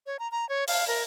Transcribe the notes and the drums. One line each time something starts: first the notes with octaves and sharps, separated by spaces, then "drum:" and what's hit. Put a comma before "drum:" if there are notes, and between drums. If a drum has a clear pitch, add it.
C#5
A#5
A#5
C#5
F5, drum: open hi-hat
A#4